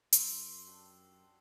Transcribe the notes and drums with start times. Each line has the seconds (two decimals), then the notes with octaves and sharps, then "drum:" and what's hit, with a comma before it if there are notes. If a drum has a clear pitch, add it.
0.13 F#2 C6 E6 C7, drum: hi-hat
0.67 D4 F#4 G4